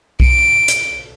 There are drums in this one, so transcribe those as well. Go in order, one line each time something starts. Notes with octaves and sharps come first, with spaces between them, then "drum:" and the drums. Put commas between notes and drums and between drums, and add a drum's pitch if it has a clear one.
D7, drum: kick B1
drum: hi-hat